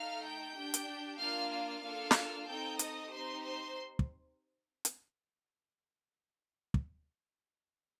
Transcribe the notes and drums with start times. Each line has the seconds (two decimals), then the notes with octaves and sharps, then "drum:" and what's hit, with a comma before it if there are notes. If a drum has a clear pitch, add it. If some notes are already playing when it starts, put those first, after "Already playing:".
Already playing: A3 D#4 A4 F5 F6
0.24 G5 G6
0.56 D4 G4
0.74 drum: hi-hat
1.19 A#3 D4 F4 F5 F6
1.52 F5 F6
1.83 A#3 D4 F4 A4
2.11 drum: snare
2.47 C4 D#4 A4 G5 G6
2.79 D#5 D#6, drum: hi-hat
3.11 C4 D#4 G4 C5 C6
3.42 C5 C6
3.99 drum: kick
4.85 drum: hi-hat
6.74 drum: kick